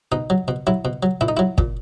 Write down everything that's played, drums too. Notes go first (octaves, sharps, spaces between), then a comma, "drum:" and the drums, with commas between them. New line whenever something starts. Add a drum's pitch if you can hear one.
B2 D#4
F#3
B2
F#3 E4
B2
F#3
A#2 E4
D#4
F#3 E4
A#2, drum: kick